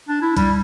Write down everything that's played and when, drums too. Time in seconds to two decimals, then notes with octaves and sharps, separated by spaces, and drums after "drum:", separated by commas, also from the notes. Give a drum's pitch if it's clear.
0.08 D4
0.22 E4
0.37 G3, drum: kick B1, hi-hat